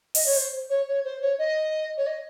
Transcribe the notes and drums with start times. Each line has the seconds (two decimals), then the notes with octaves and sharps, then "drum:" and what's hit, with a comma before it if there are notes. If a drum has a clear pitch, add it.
0.15 D#5, drum: open hi-hat
0.26 C#5
0.36 C5
0.69 C#5
0.87 C#5
1.04 C5
1.21 C#5
1.38 D#5
1.97 C#5
2.06 D#5